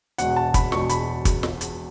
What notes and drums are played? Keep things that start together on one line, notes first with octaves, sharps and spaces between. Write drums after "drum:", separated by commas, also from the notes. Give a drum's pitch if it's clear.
E1 E2 B2 F#5, drum: hi-hat
A5
B5, drum: kick, hi-hat
E1 E2 B2 C#6, drum: snare
B5, drum: hi-hat
drum: kick, hi-hat
drum: snare
drum: hi-hat